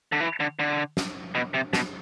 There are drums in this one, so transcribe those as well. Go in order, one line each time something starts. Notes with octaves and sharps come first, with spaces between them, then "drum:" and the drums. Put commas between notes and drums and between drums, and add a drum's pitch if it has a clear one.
D3
E3
D3
D3
drum: snare
B2
C3
B2, drum: snare